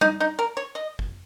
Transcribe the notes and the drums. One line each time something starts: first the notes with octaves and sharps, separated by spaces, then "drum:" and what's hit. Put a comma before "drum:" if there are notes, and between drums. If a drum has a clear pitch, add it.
D#4, drum: tom G3
D#4
A#4
C#5
D#5
drum: kick G1